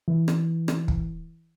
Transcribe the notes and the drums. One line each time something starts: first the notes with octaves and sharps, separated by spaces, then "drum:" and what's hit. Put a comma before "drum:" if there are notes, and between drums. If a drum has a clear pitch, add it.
E3
drum: rim click
drum: rim click
drum: kick